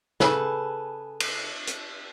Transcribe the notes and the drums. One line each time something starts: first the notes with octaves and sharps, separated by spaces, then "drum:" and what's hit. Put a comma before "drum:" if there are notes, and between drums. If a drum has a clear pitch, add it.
C#3 G#4 A4 B4, drum: snare
drum: cymbal
drum: hi-hat